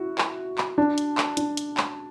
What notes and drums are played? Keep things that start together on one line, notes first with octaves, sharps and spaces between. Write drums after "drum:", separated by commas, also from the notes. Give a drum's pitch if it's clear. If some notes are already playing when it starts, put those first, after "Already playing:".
Already playing: E4 F#4
drum: clap
drum: clap
D4
drum: hi-hat
drum: clap
D4, drum: hi-hat
drum: hi-hat
drum: clap